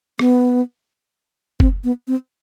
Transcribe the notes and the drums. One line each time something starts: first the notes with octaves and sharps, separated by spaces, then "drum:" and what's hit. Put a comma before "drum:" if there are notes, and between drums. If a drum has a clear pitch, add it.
B3, drum: rim click
C4, drum: kick F#1
B3
C4